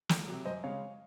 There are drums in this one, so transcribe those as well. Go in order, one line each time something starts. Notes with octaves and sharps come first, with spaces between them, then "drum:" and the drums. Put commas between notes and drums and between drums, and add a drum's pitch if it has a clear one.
C#2, drum: snare
C3 F#3
F#2 C5 D#5
C#3 G#3 C#5 F5